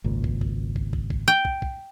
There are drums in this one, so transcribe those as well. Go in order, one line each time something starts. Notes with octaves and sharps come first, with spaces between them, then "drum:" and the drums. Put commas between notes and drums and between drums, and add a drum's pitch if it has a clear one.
G#1 C#2 A#2
drum: kick
drum: kick
drum: kick
drum: kick
drum: kick
G5
drum: kick
drum: kick